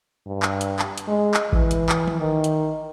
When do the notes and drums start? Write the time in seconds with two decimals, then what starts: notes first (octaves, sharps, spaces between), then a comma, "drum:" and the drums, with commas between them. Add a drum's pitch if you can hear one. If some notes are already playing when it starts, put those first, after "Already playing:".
0.26 G2
0.43 drum: clap
0.61 drum: hi-hat
0.79 drum: clap
0.98 drum: hi-hat
1.08 G#3
1.34 drum: clap
1.53 E3, drum: kick A1
1.71 drum: hi-hat
1.89 drum: clap
2.07 drum: tom
2.20 D#3
2.44 drum: hi-hat